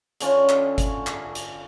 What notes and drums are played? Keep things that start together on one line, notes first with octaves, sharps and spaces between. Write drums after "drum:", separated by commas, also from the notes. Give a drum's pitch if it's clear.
D3 C#4 F4, drum: hi-hat
drum: clap
drum: kick G1, hi-hat
drum: clap
drum: hi-hat